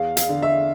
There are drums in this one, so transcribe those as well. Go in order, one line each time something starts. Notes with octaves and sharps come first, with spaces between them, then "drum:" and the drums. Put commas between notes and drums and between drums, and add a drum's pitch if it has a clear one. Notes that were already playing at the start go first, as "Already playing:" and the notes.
Already playing: E2 F5
F5, drum: hi-hat
D3
E5